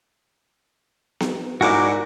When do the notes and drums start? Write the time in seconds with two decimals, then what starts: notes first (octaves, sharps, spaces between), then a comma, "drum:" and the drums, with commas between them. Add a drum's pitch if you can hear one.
1.20 drum: snare B3
1.61 G#2 D4 E4 F#4 A#4 D6